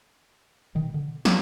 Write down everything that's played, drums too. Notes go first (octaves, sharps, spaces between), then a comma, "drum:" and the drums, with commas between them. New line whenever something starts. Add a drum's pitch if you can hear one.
B2 D#3
D3
drum: snare